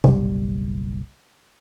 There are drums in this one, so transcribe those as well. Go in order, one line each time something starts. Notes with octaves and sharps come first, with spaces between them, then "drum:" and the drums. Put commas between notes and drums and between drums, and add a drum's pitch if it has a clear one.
F#1 B1 G3, drum: tom